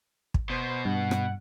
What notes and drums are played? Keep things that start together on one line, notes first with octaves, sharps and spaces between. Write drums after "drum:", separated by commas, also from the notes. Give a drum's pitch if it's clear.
drum: kick
B2 B3 C5
G2 F#5
drum: rim click